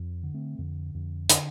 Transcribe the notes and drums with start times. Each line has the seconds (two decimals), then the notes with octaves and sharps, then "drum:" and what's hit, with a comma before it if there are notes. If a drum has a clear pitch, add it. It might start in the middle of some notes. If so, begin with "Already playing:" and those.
Already playing: F2
0.23 D3
0.34 A3 C4
0.58 F2 D3
0.94 F2
1.30 D3, drum: hi-hat